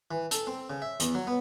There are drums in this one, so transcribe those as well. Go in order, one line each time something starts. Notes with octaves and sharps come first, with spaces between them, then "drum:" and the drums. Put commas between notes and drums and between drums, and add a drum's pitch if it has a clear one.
E3
A4, drum: hi-hat
C4
C#3
E5
E2, drum: hi-hat
F#3
B3